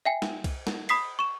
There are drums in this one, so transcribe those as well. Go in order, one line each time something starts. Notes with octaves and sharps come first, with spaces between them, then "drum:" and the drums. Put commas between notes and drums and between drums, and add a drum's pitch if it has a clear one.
E5 G5 G#5
drum: snare
drum: kick C2, cymbal
drum: snare
B5 D#6 B6 C7, drum: cymbal
C#6 E7